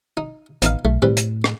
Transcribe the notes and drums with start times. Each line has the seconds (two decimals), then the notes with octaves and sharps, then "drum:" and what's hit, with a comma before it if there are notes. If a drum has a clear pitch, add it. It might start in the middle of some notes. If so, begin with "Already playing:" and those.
0.17 D#4
0.62 A1 B3 D#4 F5, drum: hi-hat
0.85 B1 A3
1.02 A2 G3 C4 B4
1.17 drum: hi-hat
1.44 drum: rim click